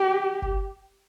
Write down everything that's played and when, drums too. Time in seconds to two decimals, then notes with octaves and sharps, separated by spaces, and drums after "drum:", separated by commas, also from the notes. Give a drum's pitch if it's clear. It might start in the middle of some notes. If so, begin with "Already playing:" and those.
Already playing: G4
0.42 drum: kick F#1